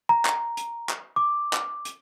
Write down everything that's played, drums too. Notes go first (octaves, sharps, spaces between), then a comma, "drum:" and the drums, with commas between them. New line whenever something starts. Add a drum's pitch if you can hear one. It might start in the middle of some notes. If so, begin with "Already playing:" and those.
A#5
drum: clap
drum: hi-hat
drum: clap
D6
drum: clap
drum: hi-hat